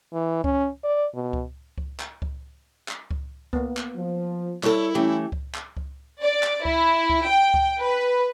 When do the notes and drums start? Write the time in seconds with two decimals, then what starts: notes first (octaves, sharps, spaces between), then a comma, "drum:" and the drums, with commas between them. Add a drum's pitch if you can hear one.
0.13 E3
0.44 C#4, drum: kick C#2
0.84 D5
1.15 B2
1.33 drum: kick C#2
1.78 drum: kick C#2
2.00 drum: clap
2.22 drum: kick C#2
2.88 drum: clap
3.11 drum: kick C#2
3.53 A#3 B3, drum: kick C#2
3.77 drum: clap
3.96 F3
4.63 G3 E4 A4 C#5, drum: clap
4.95 E3 A3 C#4 G4
5.32 drum: kick C#2
5.54 drum: clap
5.77 drum: kick C#2
6.21 D5
6.43 drum: clap
6.65 E4, drum: kick C#2
7.10 drum: kick C#2
7.27 G5
7.54 drum: kick C#2
7.80 B4